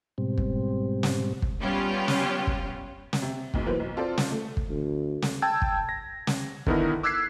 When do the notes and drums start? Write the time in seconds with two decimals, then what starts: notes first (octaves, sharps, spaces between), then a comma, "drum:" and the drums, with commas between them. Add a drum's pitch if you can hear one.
0.18 G#2 B2 G3 C4
0.38 drum: kick
1.03 drum: snare
1.42 drum: kick
1.62 G3 B3 C#4 F4 G4
2.08 drum: snare
2.47 drum: kick
3.13 drum: snare
3.22 C3
3.54 F#1 B1 G#2, drum: kick
3.67 E3 F#3 A#3 B3 B4 C5
3.80 B1
3.96 C4 F4 A4 C5 D5
4.18 drum: snare
4.31 A3
4.57 drum: kick
4.69 D2
5.22 drum: snare
5.42 G5 A5 E6 G#6
5.62 drum: kick
5.89 A#6
6.27 drum: snare
6.67 D3 D#3 B3 D#4 E4 A#4, drum: kick
7.03 D6 E6 F#6 G#6 B6 C7